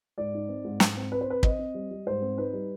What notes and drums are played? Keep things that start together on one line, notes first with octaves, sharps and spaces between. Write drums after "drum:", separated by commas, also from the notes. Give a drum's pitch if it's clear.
G#2 D5
D#4
C4
G#2
G#2, drum: snare
C4
C4 B4
C5
C4 B4
C4 D#5, drum: kick
C4
G3
G3
G#2 C5
C4
D#4 B4
G3